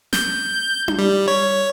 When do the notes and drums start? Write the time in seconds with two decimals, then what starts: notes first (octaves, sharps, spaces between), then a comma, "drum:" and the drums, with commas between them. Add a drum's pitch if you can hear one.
0.13 G6, drum: snare
0.88 drum: tom D4
0.99 G3
1.28 C#5